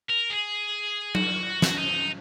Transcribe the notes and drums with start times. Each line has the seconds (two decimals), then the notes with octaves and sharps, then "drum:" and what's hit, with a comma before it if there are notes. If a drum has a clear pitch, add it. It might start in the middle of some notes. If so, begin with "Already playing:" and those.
0.10 A#4
0.30 G#4
1.15 F#4, drum: tom F#3
1.62 drum: snare
1.78 D#4